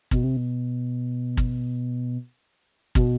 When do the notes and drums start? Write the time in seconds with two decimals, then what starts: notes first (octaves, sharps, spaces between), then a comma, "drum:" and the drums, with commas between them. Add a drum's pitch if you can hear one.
0.11 B2, drum: kick
0.24 C3
0.37 B2
1.37 drum: kick
2.95 B2, drum: kick